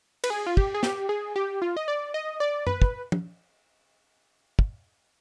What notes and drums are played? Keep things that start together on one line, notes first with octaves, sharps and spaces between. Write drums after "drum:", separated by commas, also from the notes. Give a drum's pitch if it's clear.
B4, drum: cymbal
G#4
F4
G4, drum: kick
G#4
G4, drum: snare
G#4
G4
F4
D#5
D5
D#5
D5
B4, drum: tom F#2
drum: kick
drum: tom
drum: kick